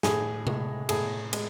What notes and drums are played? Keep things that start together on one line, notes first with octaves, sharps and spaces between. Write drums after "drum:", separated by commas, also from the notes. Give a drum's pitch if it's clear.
A2 G#4, drum: snare
G#3, drum: tom C3
A2 G#4, drum: cymbal
G#3, drum: cymbal